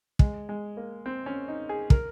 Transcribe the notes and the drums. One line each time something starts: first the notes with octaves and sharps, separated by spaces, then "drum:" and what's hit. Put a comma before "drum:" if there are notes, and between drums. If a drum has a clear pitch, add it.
G#3, drum: kick
G#3
A#3
C4
C#4
D#4
G#4
A#4, drum: kick